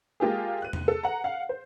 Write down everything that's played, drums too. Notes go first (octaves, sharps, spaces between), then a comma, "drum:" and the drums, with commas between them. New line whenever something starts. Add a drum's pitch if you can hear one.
G#3 A#3 F4 G4 G#4
F#6 D#7
drum: tom
A4
F#5 A#5
F5 F#5
C5